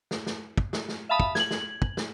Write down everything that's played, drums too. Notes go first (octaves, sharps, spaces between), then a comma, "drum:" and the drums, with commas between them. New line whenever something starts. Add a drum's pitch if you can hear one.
drum: snare
drum: snare
drum: kick
drum: snare
drum: snare
E5 F5 A5 B5 D#6
drum: kick
G#6 F#7, drum: snare
drum: snare
drum: kick
drum: snare